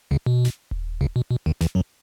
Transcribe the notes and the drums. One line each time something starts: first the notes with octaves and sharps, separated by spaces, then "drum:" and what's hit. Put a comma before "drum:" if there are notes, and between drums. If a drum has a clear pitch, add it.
C#2 C#3
B2
drum: snare
drum: kick D#1
C#2 C#3
B2
B2
D#2 D#3
E2 E3, drum: snare
F#2 F#3